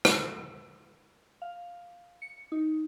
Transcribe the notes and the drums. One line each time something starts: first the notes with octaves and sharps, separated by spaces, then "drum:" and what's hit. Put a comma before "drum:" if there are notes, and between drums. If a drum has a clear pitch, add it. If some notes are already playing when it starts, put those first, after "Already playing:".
drum: rim click
F5
C#7
D#4